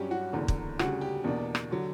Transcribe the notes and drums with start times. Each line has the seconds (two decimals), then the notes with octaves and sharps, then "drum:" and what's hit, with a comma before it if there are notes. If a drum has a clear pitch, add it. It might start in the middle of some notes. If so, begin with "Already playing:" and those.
Already playing: G2 F#3 C#4 G4
0.11 F#4
0.33 F#1 E2 D3 A#3
0.48 drum: kick
0.79 D2 C#3 G3 F#4, drum: rim click
1.01 G4
1.24 E2 B2 A#3 D4
1.55 drum: rim click
1.71 D3 F#3